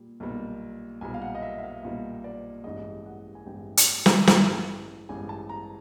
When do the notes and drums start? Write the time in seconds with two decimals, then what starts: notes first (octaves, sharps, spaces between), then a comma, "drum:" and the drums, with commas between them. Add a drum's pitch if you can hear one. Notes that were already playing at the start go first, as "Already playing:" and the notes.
Already playing: A#2 G3
0.20 B1 A#2 G3
1.01 B1 A#2 G3 G#5
1.14 F5
1.22 F#5
1.35 D#5
1.42 E5
1.58 E5
1.63 F5
1.83 B1 A#2 G3 D#5
2.24 D5
2.64 A1 G2 E3 G#3 D#5
3.06 F#5
3.35 G#5
3.45 A1 G2 E3 G#3 G5
3.77 drum: hi-hat
4.06 drum: snare
4.27 A1 G2 E3 G#3, drum: snare
5.09 A1 G2 E3 G#3 G#5
5.29 A5
5.49 A#5